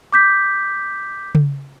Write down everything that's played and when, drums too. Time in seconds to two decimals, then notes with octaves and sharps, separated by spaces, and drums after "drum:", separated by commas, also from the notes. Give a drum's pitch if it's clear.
0.12 D6 G6 B6
1.35 drum: tom C#3